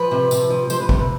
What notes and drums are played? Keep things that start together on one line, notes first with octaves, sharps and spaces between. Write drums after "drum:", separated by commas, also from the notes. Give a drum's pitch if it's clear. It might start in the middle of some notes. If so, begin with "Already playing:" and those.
Already playing: F3 B4
C3
C3, drum: tambourine
F3
F3 C5, drum: tambourine
B4
C3 A#4, drum: kick
B4